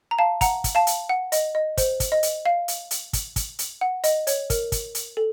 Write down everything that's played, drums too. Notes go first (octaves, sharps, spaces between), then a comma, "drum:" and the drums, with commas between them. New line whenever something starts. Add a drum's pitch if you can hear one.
A#5
F5 A5
F#5 A#5, drum: kick, hi-hat
drum: kick, hi-hat
F5 A5
drum: hi-hat
F#5
D#5, drum: hi-hat
D#5
C5, drum: kick, hi-hat
drum: kick, hi-hat
D#5
drum: hi-hat
F5
drum: hi-hat
drum: hi-hat
drum: kick, hi-hat
drum: kick, hi-hat
drum: hi-hat
F#5
D#5, drum: hi-hat
C#5, drum: hi-hat
A#4, drum: kick, hi-hat
drum: kick, hi-hat
drum: hi-hat
A4